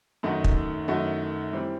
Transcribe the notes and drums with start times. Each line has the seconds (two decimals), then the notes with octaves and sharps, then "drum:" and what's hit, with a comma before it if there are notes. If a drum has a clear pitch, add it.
0.23 F#2 D#3 A3 D#4 F#4
0.44 drum: kick
0.87 F#2 D#3 A3 D#4 F#4
1.53 E3 G3 C4